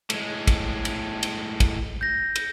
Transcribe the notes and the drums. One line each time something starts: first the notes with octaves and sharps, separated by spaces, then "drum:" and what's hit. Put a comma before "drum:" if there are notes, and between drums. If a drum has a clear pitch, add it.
A2 G#3, drum: cymbal
drum: kick, cymbal
drum: cymbal
drum: cymbal
drum: kick, cymbal
G6 A#6
drum: cymbal